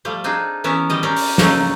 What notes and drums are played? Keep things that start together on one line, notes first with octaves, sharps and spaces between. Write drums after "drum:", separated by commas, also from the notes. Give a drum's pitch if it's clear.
F3 G3 A3
C4 D4 D#4 F4 G#4
E3 B3 C#4 A#4 E5
D#3 G3 D#5
C4 C#4 G4 A#4 D5
drum: open hi-hat
C#3 F#3 A#3 C#4 D#4 A4, drum: snare